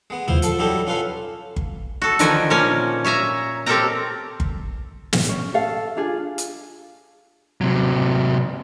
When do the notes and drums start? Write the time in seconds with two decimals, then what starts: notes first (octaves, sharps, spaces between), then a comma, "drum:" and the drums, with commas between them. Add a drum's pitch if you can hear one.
0.10 G#3 B3
0.28 E4 F4 C5, drum: tom
0.42 F3 A4, drum: hi-hat
0.58 F#3 G3 D#4 E4 G4 A4
0.87 C#4 F4 A4 B4 F5
1.56 drum: kick G1
2.02 F#4 A4
2.19 D3 D#3 F3 F#4 G5 G#5, drum: hi-hat
2.50 A#2 F3 A#3 C#4 C#5 G#5
3.04 C#5 E5 G#5 A#5
3.66 C4 G4 A4 A#4 G5 A#5
4.40 drum: kick G1
5.13 drum: snare
5.29 C#4
5.54 A4 F5
5.97 D4 F4 G#4
6.38 drum: hi-hat
7.61 C3 F#3